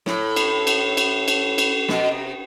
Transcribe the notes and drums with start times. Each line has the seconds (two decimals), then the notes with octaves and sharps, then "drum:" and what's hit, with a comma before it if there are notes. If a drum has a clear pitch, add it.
0.06 A2, drum: snare
0.36 drum: cymbal
0.67 drum: cymbal
0.97 drum: cymbal
1.28 drum: cymbal
1.58 drum: cymbal
1.89 B2, drum: snare
2.11 C3